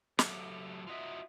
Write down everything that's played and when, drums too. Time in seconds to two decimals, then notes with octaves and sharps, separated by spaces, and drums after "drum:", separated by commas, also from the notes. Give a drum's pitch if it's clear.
0.19 F#3 A3 G4 A4, drum: snare
0.87 F4 F#4 D#5 E5